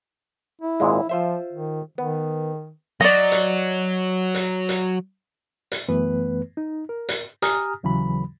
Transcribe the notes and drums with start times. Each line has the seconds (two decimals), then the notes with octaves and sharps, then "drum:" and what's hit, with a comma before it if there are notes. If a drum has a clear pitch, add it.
0.62 E4
0.80 G#1 A#2 G#3
1.09 F3 F4 C5 E5
1.53 D#3
1.98 D#3 B3
3.01 F#3 D5 D#5
3.32 drum: hi-hat
4.35 drum: hi-hat
4.69 drum: hi-hat
5.72 drum: hi-hat
5.89 F#2 E3 A3 B3 B4
6.57 D#4
6.89 A#4
7.09 drum: hi-hat
7.42 G4 G#5 A#5 D#6 F6, drum: hi-hat
7.83 D#2 C#3 E3 F#3 B5